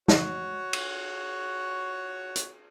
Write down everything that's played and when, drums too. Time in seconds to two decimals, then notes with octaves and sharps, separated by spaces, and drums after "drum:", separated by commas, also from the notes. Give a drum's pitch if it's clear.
0.08 F#4 C#5, drum: snare
0.73 drum: cymbal
2.36 drum: hi-hat